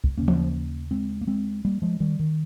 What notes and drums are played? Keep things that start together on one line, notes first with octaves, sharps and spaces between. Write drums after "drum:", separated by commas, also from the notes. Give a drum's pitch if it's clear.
drum: kick C2
D#2 C#3 A#3 C#4
drum: tom E3
G#3 C4
A#3
G#3 C4
G3 A#3
F3 G#3
D#3 G3
D#3